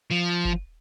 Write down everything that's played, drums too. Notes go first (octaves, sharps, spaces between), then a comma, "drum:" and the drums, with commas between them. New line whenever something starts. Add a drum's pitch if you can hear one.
F3
drum: kick F#1